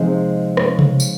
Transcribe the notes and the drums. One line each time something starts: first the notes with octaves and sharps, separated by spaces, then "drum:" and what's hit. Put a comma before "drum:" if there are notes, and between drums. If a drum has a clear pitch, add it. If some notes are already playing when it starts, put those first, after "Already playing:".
Already playing: C3 F3 G#3 C4 D#4
C#5, drum: rim click
drum: tom C3
drum: tambourine